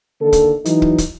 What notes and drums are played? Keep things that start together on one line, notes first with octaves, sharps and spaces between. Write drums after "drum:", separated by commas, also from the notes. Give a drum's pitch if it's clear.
D3 D#3 A#3 A4
drum: kick, hi-hat
E3 F#3 D#4, drum: hi-hat
drum: kick
drum: kick, hi-hat